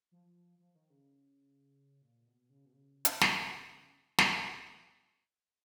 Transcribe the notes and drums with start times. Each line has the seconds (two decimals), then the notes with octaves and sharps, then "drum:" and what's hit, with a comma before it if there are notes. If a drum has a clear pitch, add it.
0.12 F3
0.59 F3
0.75 D#3
0.90 C#3
2.02 A#2
2.26 B2
2.50 C#3
2.65 B2
2.73 C#3
3.05 drum: hi-hat
3.21 drum: snare
4.18 drum: snare